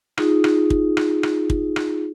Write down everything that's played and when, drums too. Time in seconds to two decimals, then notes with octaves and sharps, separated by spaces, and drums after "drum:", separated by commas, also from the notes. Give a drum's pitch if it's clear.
0.17 D#4 F4 G#4, drum: rim click
0.44 drum: rim click
0.70 drum: kick
0.97 drum: rim click
1.23 drum: rim click
1.50 drum: kick
1.76 drum: rim click